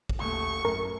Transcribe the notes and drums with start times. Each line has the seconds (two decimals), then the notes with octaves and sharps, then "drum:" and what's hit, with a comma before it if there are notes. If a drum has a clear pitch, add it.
0.09 drum: kick G#1
0.21 D#1 A3 C#6
0.65 F#2 A2 A#4